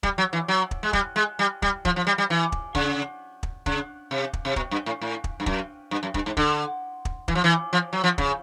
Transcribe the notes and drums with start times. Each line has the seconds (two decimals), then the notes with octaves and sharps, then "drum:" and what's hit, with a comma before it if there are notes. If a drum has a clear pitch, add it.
0.03 G3, drum: kick
0.18 F#3
0.33 E3
0.48 F#3
0.71 drum: kick
0.83 G#3
0.93 G3, drum: kick
1.16 G#3
1.39 G3
1.62 G3, drum: kick
1.85 F3, drum: kick
1.96 F3
2.07 G3
2.18 G3
2.30 E3
2.52 drum: kick
2.75 C#3, drum: kick
3.43 drum: kick
3.66 C#3, drum: kick
4.11 C3
4.33 drum: kick
4.45 C3
4.56 B2, drum: kick
4.71 G2
4.86 A2
5.01 A2
5.24 drum: kick
5.40 G2
5.46 F#2, drum: kick
5.91 G2
6.03 F#2
6.14 G2, drum: kick
6.26 G#2
6.37 D3, drum: kick
7.05 drum: kick
7.28 E3, drum: kick
7.35 F3
7.44 E3
7.73 F3
7.93 F#3
8.04 F3
8.18 C#3, drum: kick